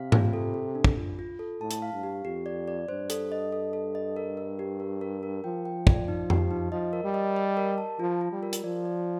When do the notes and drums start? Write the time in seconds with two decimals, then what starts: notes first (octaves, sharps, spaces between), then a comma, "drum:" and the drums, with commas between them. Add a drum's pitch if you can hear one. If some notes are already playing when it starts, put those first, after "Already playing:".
Already playing: C3 F5
0.12 F4, drum: tom G#2
0.33 A4
0.54 A4
0.75 D4
0.84 drum: kick
0.97 F4
1.19 F4
1.39 A4
1.61 A2 A5
1.71 drum: hi-hat
1.82 F5
1.93 G2
2.03 G4
2.24 F2 G4
2.46 D5
2.68 D5
2.89 G2 C5
3.10 A4, drum: hi-hat
3.32 D#5
3.52 A4
3.73 A4
3.95 D#5
4.16 A#4
4.37 A#4
4.59 G4
4.80 A#4
5.01 A#4
5.23 A#4
5.44 F3 G5
5.65 G5
5.87 D5, drum: kick
6.08 D#4
6.30 G4, drum: tom F2
6.51 D#4
6.72 F3 D#5
6.93 A#4
7.04 G3
7.14 D#5
7.36 D#5
7.57 A#4
7.78 A5
7.99 F3 F4
8.21 F4
8.32 G3
8.43 A#4
8.53 drum: hi-hat
8.64 F3 D5
8.85 D5